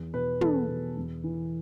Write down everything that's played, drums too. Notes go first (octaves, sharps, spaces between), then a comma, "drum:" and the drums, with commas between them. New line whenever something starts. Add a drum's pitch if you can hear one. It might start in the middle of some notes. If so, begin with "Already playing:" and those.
Already playing: E2
B2 B4
E2 A4, drum: tom
B2
E2
E3